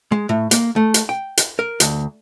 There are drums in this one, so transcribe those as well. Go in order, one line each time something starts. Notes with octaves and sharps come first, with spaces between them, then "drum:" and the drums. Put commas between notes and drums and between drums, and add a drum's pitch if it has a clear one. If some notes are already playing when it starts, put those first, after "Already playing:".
G#3
A2
A#3, drum: hi-hat
A3
drum: hi-hat
G5
drum: hi-hat
A#4
D2, drum: hi-hat